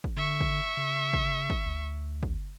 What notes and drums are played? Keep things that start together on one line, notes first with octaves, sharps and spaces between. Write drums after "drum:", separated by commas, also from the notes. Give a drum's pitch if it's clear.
drum: kick
D3 E5 C#6
drum: kick
C#3
drum: kick
drum: kick
D2
drum: kick